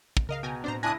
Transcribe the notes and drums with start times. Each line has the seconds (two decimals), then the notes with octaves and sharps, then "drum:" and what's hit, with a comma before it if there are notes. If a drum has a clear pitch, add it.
0.17 drum: kick
0.29 C#3 A#4 D#5 F5
0.43 B2 G5 G#5 A#5
0.64 A2 C4 D4 C5 A#5
0.83 C#2 D4 E4 G#5 D#6 F#6 A#6